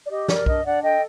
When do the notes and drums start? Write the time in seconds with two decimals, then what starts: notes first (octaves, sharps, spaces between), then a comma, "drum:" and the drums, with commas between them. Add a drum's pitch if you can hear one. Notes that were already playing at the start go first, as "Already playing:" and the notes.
0.05 D5
0.10 G4 D#5
0.28 A#4 D5, drum: snare
0.46 D4 D#5, drum: kick B1
0.64 D4 D5 F#5
0.82 A4 D#5 G5